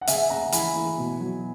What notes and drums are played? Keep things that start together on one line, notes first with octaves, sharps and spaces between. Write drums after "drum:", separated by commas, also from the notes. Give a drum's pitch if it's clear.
F#5
C#3 E5 G#5, drum: hi-hat
C#3 F#5 A#5
E3 G#5 B5, drum: hi-hat
E3
B2
F#3